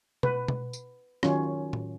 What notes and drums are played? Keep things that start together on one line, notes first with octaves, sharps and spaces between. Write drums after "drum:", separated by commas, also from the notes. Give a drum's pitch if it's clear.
B4, drum: tom B2
drum: tom B2
drum: tambourine
D#3 F#3 C#4 F4, drum: rim click
drum: tom A2